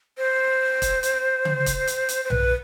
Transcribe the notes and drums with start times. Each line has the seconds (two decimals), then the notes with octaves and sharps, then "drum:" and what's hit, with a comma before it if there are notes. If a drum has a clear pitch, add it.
0.18 C5
0.82 drum: kick, hi-hat
1.03 drum: hi-hat
1.45 drum: tom C#3
1.66 drum: kick, hi-hat
1.87 drum: hi-hat
2.09 drum: hi-hat
2.25 C5
2.30 B4, drum: tom B1